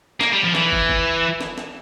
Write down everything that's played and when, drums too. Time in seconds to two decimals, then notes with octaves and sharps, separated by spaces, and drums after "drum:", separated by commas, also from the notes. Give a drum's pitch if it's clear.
0.21 A#3, drum: snare
0.33 G3
0.44 F3
0.55 E3, drum: snare
0.72 drum: kick
0.89 drum: kick
1.41 drum: snare
1.58 drum: snare